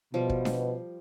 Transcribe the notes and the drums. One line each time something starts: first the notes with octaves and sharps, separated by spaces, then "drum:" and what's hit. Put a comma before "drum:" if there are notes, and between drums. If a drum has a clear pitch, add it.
B2 F3 G3
drum: kick
drum: snare D4